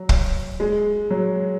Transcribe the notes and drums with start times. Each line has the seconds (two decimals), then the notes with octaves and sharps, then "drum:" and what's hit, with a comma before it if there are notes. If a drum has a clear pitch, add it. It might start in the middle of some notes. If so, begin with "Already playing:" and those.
Already playing: F#3
0.09 drum: kick
0.60 G#3
1.10 F#3